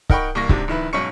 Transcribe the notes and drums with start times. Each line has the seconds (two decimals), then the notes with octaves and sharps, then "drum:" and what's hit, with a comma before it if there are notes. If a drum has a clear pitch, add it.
0.10 D#4 A#4 F#5 G5 B5 C#6, drum: kick C#1
0.35 C2 A#3 C#6 A#6
0.49 G#2 C3 D4, drum: kick C#1
0.68 A#1 D#3 E4 B4
0.93 B1 G#2 C#4 C#6 C#7